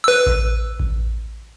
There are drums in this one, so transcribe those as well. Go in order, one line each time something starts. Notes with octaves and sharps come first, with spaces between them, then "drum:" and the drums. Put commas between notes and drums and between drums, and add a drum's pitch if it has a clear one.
B4 E6
drum: kick A1
drum: kick A1